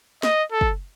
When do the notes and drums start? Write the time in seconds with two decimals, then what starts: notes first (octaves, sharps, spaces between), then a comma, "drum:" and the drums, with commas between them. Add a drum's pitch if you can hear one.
0.23 D#5, drum: snare
0.52 A4
0.61 drum: kick